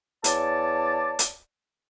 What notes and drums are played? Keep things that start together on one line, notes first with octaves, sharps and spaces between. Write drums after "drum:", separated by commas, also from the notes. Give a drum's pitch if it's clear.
E2 C#5 D5 A5, drum: hi-hat
drum: hi-hat